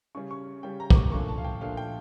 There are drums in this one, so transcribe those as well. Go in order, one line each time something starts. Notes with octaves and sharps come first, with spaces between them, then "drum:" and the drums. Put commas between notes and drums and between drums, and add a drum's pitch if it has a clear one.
C#3 G3 C#4 C#6
C#6
C#3 G3 C#4 G5
A#5
D6, drum: kick
C#6
A#2 F3 A3 D4 C#6
A5
F5
G5
A#2 F3 A3 D4 F5
G5